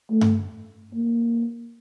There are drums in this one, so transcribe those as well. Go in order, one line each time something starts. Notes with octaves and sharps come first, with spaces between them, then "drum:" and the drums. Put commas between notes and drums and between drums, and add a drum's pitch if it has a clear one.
A3
drum: tom G2
A#3